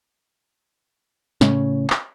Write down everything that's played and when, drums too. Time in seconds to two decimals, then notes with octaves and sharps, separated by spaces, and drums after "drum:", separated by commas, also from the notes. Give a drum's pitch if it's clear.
1.41 A2 C#3 C#4, drum: snare
1.90 drum: clap